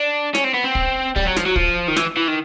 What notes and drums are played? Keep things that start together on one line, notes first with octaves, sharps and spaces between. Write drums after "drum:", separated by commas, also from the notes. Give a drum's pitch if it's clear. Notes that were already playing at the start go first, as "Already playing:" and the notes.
Already playing: D4
C#4, drum: snare
C4
B3
C4
drum: kick
G3, drum: kick
F#3
F3, drum: snare
F#3
F3, drum: kick
D#3
E3, drum: snare
E3
D#3